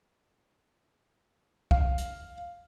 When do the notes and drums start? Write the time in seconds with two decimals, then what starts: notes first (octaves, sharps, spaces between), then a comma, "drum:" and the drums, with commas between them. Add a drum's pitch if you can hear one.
1.71 F5, drum: kick
1.98 drum: hi-hat